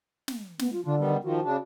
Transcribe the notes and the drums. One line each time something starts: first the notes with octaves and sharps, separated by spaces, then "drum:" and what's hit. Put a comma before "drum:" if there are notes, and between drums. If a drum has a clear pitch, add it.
drum: snare
B3, drum: snare
F4
D3 D4 F4
D#3 G3 B3
D#3 F3 F#4
C#3 D4